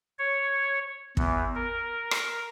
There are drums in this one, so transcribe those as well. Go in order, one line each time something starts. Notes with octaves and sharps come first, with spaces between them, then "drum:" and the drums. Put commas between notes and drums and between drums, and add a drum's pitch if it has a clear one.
C#5
E2, drum: kick
A#4
drum: rim click